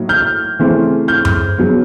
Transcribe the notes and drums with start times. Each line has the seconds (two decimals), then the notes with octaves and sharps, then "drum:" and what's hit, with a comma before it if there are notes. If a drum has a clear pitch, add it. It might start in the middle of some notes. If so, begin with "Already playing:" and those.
Already playing: A2 F#3 A#3 D#4
0.09 F6 G6
0.59 C#3 E3 A3 C4
1.08 F6 G6
1.25 drum: tom F#2
1.58 C#3 F#3 B3